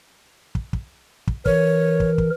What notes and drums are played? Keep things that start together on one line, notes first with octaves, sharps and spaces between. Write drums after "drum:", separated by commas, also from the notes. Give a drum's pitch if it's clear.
drum: kick
drum: kick
drum: kick
E3 A#4 C#5, drum: kick
drum: kick
drum: kick